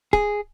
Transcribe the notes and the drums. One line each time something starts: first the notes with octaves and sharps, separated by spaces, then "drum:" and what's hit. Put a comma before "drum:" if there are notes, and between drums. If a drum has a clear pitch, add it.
G#4, drum: kick C#1